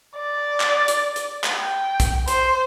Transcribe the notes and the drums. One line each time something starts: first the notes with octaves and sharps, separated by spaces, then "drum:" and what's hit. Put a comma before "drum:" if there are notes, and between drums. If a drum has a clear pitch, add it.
D5
drum: clap
drum: hi-hat
drum: hi-hat
drum: clap
G5
drum: kick B1, hi-hat
C5, drum: hi-hat